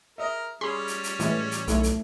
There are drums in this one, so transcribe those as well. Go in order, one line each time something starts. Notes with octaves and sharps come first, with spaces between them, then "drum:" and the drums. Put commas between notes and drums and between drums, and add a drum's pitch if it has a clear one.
A#4 D#5 E5
G3 C#4 G#4 B5 C6
drum: hi-hat
drum: hi-hat
A2 E3 G#3, drum: hi-hat
drum: hi-hat
B1 A3 E4 A4, drum: hi-hat
drum: hi-hat